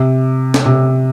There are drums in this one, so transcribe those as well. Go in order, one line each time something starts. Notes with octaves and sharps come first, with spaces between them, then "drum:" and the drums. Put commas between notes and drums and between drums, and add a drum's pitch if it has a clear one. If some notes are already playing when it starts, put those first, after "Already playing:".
Already playing: C3
drum: snare
C3